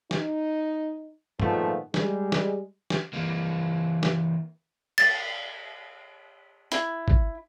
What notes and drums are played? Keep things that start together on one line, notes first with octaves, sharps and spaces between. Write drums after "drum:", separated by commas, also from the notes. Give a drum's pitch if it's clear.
D#4, drum: snare
A#2 D#3 F3 G#3 A3 B3, drum: tom G#2
G3 G#3, drum: snare
drum: snare
drum: snare
E3 A#3
drum: snare
A6, drum: cymbal
E4, drum: hi-hat
drum: kick G#1